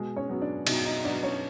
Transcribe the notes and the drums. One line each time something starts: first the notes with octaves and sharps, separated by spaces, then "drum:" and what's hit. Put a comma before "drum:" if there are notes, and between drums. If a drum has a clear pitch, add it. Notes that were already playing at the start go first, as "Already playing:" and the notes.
Already playing: B2 G#3 G#4
C#4 C#5
F#3 B3
D4 D5
B2 D#4 D#5, drum: cymbal
D#4 D#5
F#3 B3 D4 D5
C#4 C#5